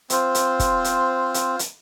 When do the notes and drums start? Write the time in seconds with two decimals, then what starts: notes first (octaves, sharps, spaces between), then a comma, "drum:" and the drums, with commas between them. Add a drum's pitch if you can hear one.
0.10 C4 F4 C5, drum: hi-hat
0.35 drum: hi-hat
0.60 drum: kick, hi-hat
0.84 drum: hi-hat
1.34 drum: hi-hat
1.59 drum: hi-hat